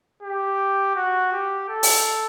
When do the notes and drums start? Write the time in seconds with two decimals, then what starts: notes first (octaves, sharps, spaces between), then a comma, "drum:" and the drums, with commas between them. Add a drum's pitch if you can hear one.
0.23 G4
0.96 F#4
1.32 G4
1.69 A4
1.83 drum: open hi-hat